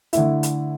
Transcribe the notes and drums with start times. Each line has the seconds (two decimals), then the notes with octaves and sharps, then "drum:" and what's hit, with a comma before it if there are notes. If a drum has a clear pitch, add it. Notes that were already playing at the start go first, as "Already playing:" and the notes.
0.13 D3 A3 E4, drum: hi-hat
0.43 drum: hi-hat